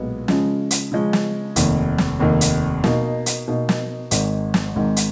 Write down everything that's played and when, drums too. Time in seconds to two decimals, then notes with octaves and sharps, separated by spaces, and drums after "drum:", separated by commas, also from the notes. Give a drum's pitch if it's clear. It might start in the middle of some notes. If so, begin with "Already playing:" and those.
Already playing: B1 A#2 G#3 B3
0.28 C#3 F3 G#3 C#4, drum: snare
0.71 drum: hi-hat
0.92 C#3 F3 G#3 C#4
1.13 drum: snare
1.56 F1 D#2 D#3, drum: hi-hat
1.98 drum: snare
2.19 F1 D#2 D#3
2.41 drum: hi-hat
2.84 B2 A#3 D#4, drum: snare
3.26 drum: hi-hat
3.48 B2 A#3 D#4
3.69 drum: snare
4.11 G#1 G#2 D#3, drum: hi-hat
4.54 drum: snare
4.75 G#1 G#2 D#3
4.96 drum: hi-hat